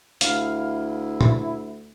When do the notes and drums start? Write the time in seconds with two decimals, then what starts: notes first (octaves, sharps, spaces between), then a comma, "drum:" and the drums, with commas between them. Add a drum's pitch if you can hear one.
0.21 D2 E4 F5, drum: hi-hat
1.21 drum: tom